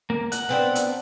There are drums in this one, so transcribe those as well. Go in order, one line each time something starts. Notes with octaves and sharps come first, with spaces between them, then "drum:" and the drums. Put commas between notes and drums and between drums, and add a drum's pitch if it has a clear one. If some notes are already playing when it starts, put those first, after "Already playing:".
A#3
F#5, drum: hi-hat
B3 C4 D4
drum: hi-hat